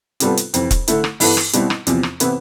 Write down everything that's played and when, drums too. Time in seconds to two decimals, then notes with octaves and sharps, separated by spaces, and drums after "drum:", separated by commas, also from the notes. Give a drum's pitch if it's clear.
0.20 C3 G3 B3 F4 A4, drum: hi-hat
0.37 drum: hi-hat
0.54 F2 C3 E3, drum: hi-hat
0.71 drum: kick E1, hi-hat
0.88 D3 A3 E4, drum: hi-hat
1.04 drum: rim click
1.20 G2 E3 B3 E4 A4, drum: open hi-hat
1.37 drum: rim click
1.53 B2 G3 C4 E4, drum: hi-hat
1.70 drum: rim click
1.87 E2 C3 F3, drum: hi-hat
2.03 drum: rim click
2.20 C3 E3 B3 E4, drum: hi-hat